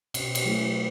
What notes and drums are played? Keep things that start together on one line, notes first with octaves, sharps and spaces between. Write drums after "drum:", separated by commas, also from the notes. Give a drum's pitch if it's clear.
B2, drum: cymbal
drum: cymbal
F#3 A3 E4 G#4